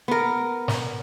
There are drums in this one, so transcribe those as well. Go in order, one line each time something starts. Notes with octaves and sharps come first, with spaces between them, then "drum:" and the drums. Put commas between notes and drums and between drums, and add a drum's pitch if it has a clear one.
B3 A#4
drum: snare